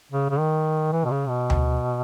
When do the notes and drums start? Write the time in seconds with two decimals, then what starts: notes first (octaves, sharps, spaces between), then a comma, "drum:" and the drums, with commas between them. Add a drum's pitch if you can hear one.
0.12 C#3
0.30 C#3
0.39 D#3
0.92 E3
1.05 B2
1.11 C#3
1.28 B2
1.50 drum: tom D2